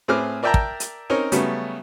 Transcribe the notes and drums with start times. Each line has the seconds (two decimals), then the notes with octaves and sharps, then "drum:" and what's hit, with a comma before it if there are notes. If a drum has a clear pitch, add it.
0.08 A2 C4 G#4 B4 D6 F6
0.43 A#4 D5 E5 G5 A5 A#5
0.54 drum: kick
0.80 drum: hi-hat
1.10 C4 C#4 D#4 A#4 C#5
1.32 C#3 F#3 G3 A3 B3, drum: hi-hat